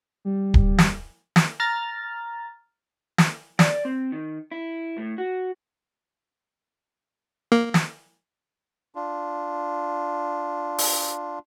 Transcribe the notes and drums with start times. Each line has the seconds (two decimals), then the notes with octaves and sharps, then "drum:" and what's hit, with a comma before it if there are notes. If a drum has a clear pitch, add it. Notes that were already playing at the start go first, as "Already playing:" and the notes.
0.25 G3
0.54 drum: kick D1
0.78 drum: snare
1.36 drum: snare
1.60 A#5 F6 A6
3.18 drum: snare
3.59 D5, drum: snare
3.85 C4
4.12 D#3
4.52 E4
4.98 A2
5.18 F#4
7.52 A#3
7.74 drum: snare
8.95 D4 F4
10.78 drum: open hi-hat